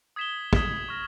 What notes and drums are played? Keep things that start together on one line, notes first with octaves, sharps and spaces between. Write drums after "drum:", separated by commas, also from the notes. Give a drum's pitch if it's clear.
D#6 G#6 B6 E7 G7
D#6 G#6 B6 E7 G7, drum: kick
C#6 F6 A#6